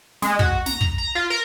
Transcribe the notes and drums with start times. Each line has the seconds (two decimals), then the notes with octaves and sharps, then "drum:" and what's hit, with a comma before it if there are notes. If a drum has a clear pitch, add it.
0.22 G#3, drum: snare
0.39 F#4, drum: kick
0.66 A#5, drum: snare
0.81 drum: kick
0.98 A#5
1.15 F4
1.30 A#4